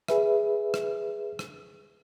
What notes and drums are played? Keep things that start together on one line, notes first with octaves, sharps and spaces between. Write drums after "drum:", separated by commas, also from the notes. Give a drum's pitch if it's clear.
G#4 B4 E5, drum: rim click
drum: rim click
drum: rim click